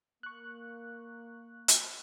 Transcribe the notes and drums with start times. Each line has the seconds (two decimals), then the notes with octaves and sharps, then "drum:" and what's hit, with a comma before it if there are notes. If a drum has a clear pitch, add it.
0.23 A#3 C#6 F#6
1.68 drum: hi-hat